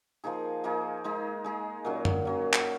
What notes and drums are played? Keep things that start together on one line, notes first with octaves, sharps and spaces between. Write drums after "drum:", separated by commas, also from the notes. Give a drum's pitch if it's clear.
F3 A#3 D#4 G#4
F3 A#3 D#4 G#4
G#3 D#4 G#4
G#3 D#4 G#4
A#2 F#3 C#4
drum: tom F#2
A#2 F#3 C#4
drum: clap